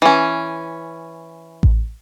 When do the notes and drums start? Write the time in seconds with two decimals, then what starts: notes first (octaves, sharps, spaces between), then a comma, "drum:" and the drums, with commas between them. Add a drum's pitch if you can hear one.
0.02 E3 C#4
1.63 drum: kick A1